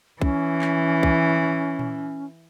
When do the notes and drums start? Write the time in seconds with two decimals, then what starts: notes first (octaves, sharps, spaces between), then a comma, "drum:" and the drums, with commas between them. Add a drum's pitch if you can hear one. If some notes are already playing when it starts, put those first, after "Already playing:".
0.22 E3 C#4, drum: kick
0.61 drum: clap
1.03 drum: kick
1.79 drum: tom A#2